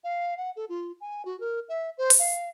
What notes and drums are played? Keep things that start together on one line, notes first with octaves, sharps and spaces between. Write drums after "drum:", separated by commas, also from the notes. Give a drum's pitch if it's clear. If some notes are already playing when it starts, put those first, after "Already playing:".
F5
F#5
A4
F4
G#5
F#4
A#4
E5
C5
drum: open hi-hat
F5